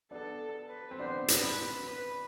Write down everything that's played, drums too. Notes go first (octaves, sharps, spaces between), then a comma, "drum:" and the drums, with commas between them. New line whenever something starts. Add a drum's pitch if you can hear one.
B3 D4 A4
B4
C4
B3 D4 C5
B4, drum: hi-hat
B4